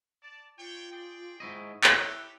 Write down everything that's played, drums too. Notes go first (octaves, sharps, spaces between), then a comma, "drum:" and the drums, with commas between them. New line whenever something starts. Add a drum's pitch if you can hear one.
D5 A5
D4 F4 C#5 G5
G#4 D5 G5
G#2 E4 D#5 C#6
A3 E4 G4 C#5 F#6, drum: clap